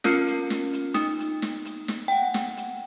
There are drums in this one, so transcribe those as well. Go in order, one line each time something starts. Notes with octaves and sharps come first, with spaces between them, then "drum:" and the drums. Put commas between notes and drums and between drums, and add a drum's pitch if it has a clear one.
C#4 F4 A#4 F6 C7 C#7, drum: snare
drum: hi-hat
drum: snare
drum: hi-hat
D#4 D#6, drum: snare
drum: hi-hat
drum: snare
drum: hi-hat
drum: snare
F#5 G5
drum: snare
drum: hi-hat